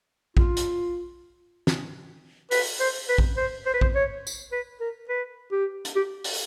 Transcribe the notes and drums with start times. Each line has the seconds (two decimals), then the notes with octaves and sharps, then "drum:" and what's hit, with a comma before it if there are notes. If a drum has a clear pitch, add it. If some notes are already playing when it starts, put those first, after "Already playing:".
0.37 F4, drum: kick A#1
0.57 drum: hi-hat
1.67 drum: snare
2.51 B4, drum: open hi-hat
2.80 C5
3.09 B4
3.18 drum: kick A#1
3.37 C5
3.66 C5
3.74 B4
3.81 C5, drum: kick A#1
3.95 C#5
4.27 drum: tambourine
4.52 B4
4.80 A#4
5.09 B4
5.52 G4
5.85 drum: hi-hat
5.96 G4
6.24 drum: open hi-hat